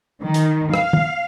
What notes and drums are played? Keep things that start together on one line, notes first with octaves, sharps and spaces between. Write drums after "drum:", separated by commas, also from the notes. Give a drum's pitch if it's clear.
D#3
drum: hi-hat
F5, drum: rim click
drum: tom